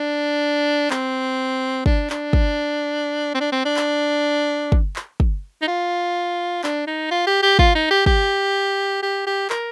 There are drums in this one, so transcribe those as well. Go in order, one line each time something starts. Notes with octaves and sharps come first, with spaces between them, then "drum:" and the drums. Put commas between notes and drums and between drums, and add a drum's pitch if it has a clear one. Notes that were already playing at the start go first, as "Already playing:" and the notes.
Already playing: D4
C4, drum: clap
D4, drum: kick
D4, drum: clap
drum: kick
C4
D4
C4
D4
drum: clap
drum: kick
drum: clap
drum: kick
D#4
F4
D4, drum: clap
D#4
F4
G4
G4
F4, drum: kick
D#4
G4
G4, drum: kick
G4
G4
A#4, drum: clap